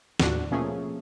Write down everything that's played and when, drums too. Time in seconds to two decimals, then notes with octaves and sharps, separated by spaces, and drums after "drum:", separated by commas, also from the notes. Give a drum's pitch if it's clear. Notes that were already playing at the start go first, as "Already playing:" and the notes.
0.20 D#2 A2 D3 D4 F#4, drum: snare
0.51 B2 F3 A3 A#3 C#4 G#4